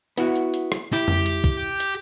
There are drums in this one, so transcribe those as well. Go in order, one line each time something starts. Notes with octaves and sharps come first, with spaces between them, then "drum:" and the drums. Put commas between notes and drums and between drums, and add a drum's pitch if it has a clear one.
B3 E4 F#4, drum: hi-hat
drum: hi-hat
drum: hi-hat
drum: rim click
E4 G4
drum: tom F2
drum: hi-hat
drum: kick, hi-hat
drum: hi-hat